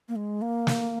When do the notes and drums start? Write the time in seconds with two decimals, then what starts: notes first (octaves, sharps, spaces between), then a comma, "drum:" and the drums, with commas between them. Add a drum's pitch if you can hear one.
0.08 A#3
0.16 G#3
0.42 A#3
0.67 drum: snare